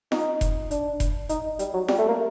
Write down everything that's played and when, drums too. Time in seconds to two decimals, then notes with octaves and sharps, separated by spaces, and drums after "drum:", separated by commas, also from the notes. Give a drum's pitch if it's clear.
0.12 D#4, drum: snare F4
0.41 drum: kick F1, hi-hat
0.71 D4, drum: hi-hat
1.00 drum: kick F1, hi-hat
1.29 D#4, drum: hi-hat
1.59 G3, drum: hi-hat
1.74 F#3
1.88 G3, drum: snare F4
1.99 A3
2.08 A#3